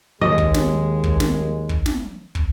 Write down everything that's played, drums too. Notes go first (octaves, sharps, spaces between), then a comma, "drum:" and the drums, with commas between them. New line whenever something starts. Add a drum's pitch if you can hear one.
D#2 G#3 D#5
drum: kick
drum: snare
drum: kick
drum: snare
drum: kick
drum: snare
drum: kick